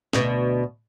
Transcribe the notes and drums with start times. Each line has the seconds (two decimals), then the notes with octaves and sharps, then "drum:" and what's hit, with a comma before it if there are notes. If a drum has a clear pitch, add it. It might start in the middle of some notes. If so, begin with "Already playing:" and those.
0.13 D2 B2, drum: snare